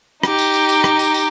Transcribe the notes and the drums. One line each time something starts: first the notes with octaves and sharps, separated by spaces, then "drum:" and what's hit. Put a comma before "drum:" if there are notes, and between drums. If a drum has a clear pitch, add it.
D#4 G4, drum: rim click
drum: tambourine
drum: tambourine
drum: tambourine
drum: rim click
drum: tambourine
drum: tambourine